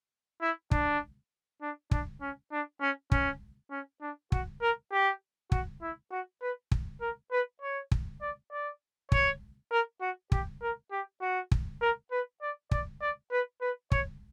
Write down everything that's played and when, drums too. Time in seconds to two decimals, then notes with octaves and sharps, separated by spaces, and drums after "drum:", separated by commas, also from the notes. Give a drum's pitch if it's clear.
0.42 E4
0.71 D4, drum: kick
1.62 D4
1.91 D4, drum: kick
2.21 C#4
2.52 D4
2.81 C#4
3.12 C#4, drum: kick
3.71 C#4
4.01 D4
4.32 F#4, drum: kick
4.62 A#4
4.92 G4
5.52 F#4, drum: kick
5.82 E4
6.11 F#4
6.41 B4
6.71 drum: kick
7.01 A#4
7.31 B4
7.61 C#5
7.91 drum: kick
8.21 D5
8.52 D5
9.12 C#5, drum: kick
9.71 A#4
10.01 F#4
10.32 G4, drum: kick
10.62 A#4
10.92 G4
11.21 F#4
11.51 drum: kick
11.81 A#4
12.11 B4
12.42 D5
12.71 D5, drum: kick
13.01 D5
13.31 B4
13.61 B4
13.92 C#5, drum: kick